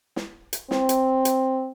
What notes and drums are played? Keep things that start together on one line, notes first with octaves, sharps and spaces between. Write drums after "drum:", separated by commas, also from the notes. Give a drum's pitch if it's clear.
drum: snare
drum: hi-hat
C4, drum: snare
drum: hi-hat
drum: hi-hat